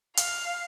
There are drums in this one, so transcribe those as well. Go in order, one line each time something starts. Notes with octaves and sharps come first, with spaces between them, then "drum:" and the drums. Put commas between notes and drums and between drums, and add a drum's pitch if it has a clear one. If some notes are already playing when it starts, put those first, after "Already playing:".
F5, drum: hi-hat